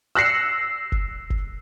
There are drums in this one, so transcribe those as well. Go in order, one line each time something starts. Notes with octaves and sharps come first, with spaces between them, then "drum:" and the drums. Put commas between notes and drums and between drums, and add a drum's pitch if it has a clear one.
E6 F#6 A#6 C7 C#7
drum: kick F#1
drum: kick F#1